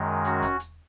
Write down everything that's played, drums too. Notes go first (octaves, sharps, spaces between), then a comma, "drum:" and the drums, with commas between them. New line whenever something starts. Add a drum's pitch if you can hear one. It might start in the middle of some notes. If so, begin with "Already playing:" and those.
Already playing: F#2 D#3 G#3
C#4 F#4, drum: hi-hat
drum: kick E2, hi-hat
drum: hi-hat